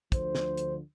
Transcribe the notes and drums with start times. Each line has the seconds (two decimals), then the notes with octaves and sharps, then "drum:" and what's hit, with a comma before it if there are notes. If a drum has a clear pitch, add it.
0.12 D2 D3 F3 C5, drum: kick, hi-hat
0.35 drum: snare
0.57 drum: hi-hat